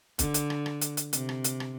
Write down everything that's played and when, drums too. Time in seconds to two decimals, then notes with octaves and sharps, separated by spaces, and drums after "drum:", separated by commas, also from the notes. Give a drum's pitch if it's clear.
0.19 D3, drum: kick, hi-hat
0.34 drum: hi-hat
0.50 drum: rim click
0.66 drum: rim click
0.82 drum: hi-hat
0.97 drum: hi-hat
1.13 C3, drum: hi-hat
1.29 drum: rim click
1.44 drum: hi-hat
1.60 drum: rim click